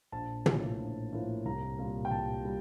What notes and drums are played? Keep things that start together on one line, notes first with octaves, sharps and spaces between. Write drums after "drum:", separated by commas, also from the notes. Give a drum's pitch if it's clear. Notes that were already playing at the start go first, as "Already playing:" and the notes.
A#1 A5
A2 F3 A#3, drum: tom
A#1
A2 F3 A#3
C2 A#5
A#2 G3
G5
C2 A5
G3